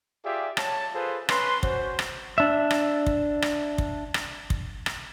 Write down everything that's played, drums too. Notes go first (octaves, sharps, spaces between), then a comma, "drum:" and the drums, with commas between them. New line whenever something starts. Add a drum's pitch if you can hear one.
F4 G4 G#4 D5 E5
C#5 A5, drum: rim click
F4 G#4 A4 B4 C5
C#4 B4 C6, drum: rim click
C#4 F#4 C5, drum: kick
drum: rim click
D4 E5
drum: rim click
drum: kick
drum: rim click
drum: kick
drum: rim click
drum: kick
drum: rim click